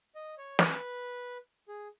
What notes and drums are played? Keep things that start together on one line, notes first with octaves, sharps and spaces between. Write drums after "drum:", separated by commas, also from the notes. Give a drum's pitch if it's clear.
D#5
C#5
B4, drum: snare
G#4